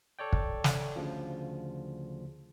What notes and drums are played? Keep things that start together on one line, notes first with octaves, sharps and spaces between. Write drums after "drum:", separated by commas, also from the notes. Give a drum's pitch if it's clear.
A4 C#5 D5 G5
drum: kick
drum: snare
D2 C#3 F3